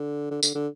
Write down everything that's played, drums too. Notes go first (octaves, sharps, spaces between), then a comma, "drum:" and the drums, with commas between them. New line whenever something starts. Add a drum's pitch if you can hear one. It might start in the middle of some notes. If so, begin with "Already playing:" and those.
Already playing: D3
D3
D3, drum: tambourine
D3